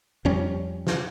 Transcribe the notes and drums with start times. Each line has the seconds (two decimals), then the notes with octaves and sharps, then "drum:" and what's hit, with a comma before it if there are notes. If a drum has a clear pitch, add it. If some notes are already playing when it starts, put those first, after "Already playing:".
0.25 F2 F3 G3 C#4
0.87 drum: snare